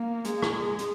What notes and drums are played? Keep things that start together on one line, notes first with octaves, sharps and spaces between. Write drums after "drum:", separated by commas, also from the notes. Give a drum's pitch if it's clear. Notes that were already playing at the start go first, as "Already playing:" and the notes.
Already playing: A#3
G#3, drum: hi-hat
drum: rim click
drum: hi-hat